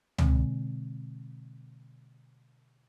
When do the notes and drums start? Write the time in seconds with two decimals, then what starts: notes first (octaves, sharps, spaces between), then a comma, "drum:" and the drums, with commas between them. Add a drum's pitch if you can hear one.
0.18 B2 D3 G#3 C4, drum: tom C#2